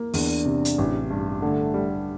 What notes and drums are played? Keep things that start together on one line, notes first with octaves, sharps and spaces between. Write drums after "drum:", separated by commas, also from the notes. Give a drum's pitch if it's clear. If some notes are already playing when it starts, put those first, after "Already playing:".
Already playing: A#3
E2 D4, drum: open hi-hat
C3
drum: hi-hat
A1
G2
D3 A3
G3